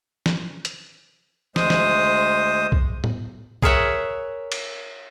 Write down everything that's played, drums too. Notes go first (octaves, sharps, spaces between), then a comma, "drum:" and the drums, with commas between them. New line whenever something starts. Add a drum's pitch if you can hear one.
drum: snare
drum: hi-hat
D2 G#3 C5 D#6, drum: snare
drum: snare
drum: kick B1
drum: tom A2
G#4 A#4 C#5 E5 F#5, drum: kick B1
drum: cymbal